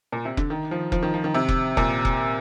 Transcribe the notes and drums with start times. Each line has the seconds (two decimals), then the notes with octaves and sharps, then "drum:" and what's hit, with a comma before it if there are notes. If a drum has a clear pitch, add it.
0.12 A#2
0.25 C3
0.37 D3, drum: kick F1
0.50 D#3
0.71 F3
0.92 F3, drum: kick F1
1.02 D#3
1.14 F3
1.24 D#3
1.34 C3
1.49 drum: kick F1
1.77 A#2, drum: kick F1
2.05 drum: kick F1